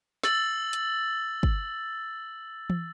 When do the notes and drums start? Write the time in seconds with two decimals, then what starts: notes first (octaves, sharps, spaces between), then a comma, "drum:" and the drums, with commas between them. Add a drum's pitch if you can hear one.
0.23 E6 A6 F#7, drum: snare
0.73 drum: hi-hat
1.43 drum: kick
2.70 drum: tom E3